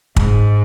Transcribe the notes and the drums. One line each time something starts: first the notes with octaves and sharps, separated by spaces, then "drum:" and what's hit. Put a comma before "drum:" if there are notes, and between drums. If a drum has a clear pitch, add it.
G#2, drum: kick